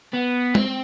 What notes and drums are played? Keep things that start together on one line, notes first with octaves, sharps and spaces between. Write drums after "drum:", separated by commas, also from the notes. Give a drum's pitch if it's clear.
B3
C4, drum: tom G#3